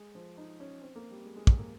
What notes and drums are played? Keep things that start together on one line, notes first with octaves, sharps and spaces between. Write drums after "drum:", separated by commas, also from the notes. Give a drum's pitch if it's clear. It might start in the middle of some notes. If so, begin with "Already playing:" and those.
Already playing: G#3
F3
D#4
C#4
C4
A#3
G3
G#3
G#3
G#3, drum: kick
A#3